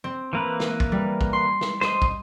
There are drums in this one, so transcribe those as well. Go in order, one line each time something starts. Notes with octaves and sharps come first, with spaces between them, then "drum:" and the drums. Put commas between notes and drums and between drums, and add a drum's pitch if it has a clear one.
C4
E3 A#3 B4
drum: snare
drum: kick
G3
drum: kick
C6
drum: snare
C5 D#5, drum: snare
drum: kick